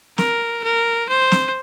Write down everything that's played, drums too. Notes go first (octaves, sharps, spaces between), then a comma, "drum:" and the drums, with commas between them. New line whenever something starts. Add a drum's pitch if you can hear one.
A#4, drum: snare
A#4
C5
drum: snare